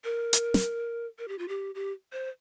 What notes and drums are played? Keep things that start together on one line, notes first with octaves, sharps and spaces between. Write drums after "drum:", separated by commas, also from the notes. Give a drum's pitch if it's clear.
A#4
drum: hi-hat
drum: snare
A#4
G4
F4
G4
G4
C5